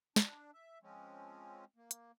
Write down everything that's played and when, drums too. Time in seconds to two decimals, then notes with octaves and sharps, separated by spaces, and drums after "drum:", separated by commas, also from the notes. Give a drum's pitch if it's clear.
0.16 D4, drum: snare
0.54 E5
0.83 F3 G#3 C4 C#4
1.76 A#3
1.91 drum: hi-hat